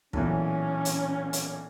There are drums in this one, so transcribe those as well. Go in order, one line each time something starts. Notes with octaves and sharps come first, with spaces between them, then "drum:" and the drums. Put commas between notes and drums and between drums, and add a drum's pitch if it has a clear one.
B1 A#2 E3 C#4, drum: kick
drum: hi-hat
drum: hi-hat